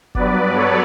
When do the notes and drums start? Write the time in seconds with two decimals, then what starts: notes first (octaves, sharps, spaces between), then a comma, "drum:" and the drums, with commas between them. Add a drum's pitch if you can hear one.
0.15 G2 F#3 B3 B4 D5, drum: kick F1
0.54 A4 C#5